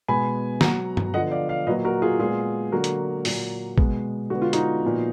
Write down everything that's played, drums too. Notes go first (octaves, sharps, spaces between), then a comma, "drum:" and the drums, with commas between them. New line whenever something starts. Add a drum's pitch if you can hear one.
B2 G#3 B3 G#5 B5
B2 F#3 B3 F#5 A#5, drum: snare A#3
drum: tom G2
D3 F3 B3 D#5 F#5
D5 F5
D5 F5
A#2 F#3 A#3 B4 D#5
F#4 A#4
F4 G#4
A#2 G#3 B3 F4 G#4
D3 F#3 A#3 F#4 A#4
drum: hi-hat
A#2 F#3 A#3, drum: open hi-hat
B2 G#3 B3, drum: kick
D3 G#3 B3 F#4
F4
D#4 F#4, drum: hi-hat
A#2 F3 B3